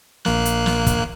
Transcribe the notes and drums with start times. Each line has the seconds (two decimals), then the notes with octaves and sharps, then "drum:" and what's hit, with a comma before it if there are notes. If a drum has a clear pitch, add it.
0.25 A#1 A#3 F#6, drum: snare
0.45 drum: hi-hat
0.66 drum: snare
0.87 drum: kick, hi-hat